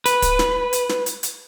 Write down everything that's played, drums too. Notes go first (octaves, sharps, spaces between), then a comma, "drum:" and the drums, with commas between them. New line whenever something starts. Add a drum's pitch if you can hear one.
B4, drum: hi-hat
drum: kick, hi-hat
drum: snare
drum: hi-hat
drum: snare
drum: hi-hat
drum: hi-hat